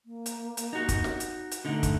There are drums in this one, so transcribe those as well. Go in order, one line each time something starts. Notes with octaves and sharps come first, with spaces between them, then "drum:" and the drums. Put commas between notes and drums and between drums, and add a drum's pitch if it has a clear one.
A#3
drum: hi-hat
drum: hi-hat
D#4 F#4
drum: kick, hi-hat
drum: snare
drum: hi-hat
drum: hi-hat
D3 A3 D#4
drum: kick, hi-hat